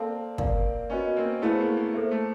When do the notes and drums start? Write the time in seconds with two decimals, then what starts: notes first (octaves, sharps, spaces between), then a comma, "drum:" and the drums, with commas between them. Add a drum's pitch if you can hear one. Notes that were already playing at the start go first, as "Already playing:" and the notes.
Already playing: A#3 C4 A4 D5 F5 A5
0.38 A#4 D5 F5, drum: kick
0.90 B3 C#4 F#4 A#4 D#5 G#5
1.16 A#3 C4
1.42 A3 B3 E4 G#4 C5 F5
1.60 A#3
1.77 A#3
1.94 A#3 A4 C5 E5
2.11 A3